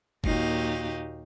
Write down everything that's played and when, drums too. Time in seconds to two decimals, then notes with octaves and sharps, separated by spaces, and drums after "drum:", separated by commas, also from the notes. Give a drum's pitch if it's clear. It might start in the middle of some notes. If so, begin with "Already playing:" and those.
0.24 D#2 A#2 D#4 F#4 G4 F5, drum: kick F#1